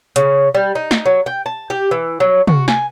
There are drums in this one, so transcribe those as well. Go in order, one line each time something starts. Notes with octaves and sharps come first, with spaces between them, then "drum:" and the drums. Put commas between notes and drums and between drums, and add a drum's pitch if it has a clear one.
C#3, drum: hi-hat
G3
D#4
drum: snare
F#3
G5
A5
G4
E3
F#3
F#4, drum: tom
G#5, drum: snare